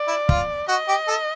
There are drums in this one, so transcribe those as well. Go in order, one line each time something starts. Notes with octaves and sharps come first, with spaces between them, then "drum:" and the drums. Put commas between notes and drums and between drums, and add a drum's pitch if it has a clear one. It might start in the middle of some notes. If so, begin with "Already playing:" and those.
Already playing: D5
E4
F4, drum: kick
F#4 D#5
G4
A4